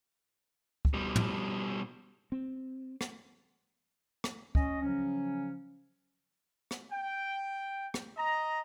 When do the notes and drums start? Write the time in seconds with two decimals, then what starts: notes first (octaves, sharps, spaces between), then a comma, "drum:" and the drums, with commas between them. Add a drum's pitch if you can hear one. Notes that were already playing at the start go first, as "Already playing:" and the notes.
0.85 drum: kick
0.94 B2 G3
1.16 drum: tom
2.32 C4
3.01 drum: rim click
4.24 drum: rim click
4.55 C#4 D#5, drum: kick
4.81 C#3 F3 F#3 C#4
6.71 drum: rim click
6.92 G5
7.94 drum: rim click
8.17 D#5 A#5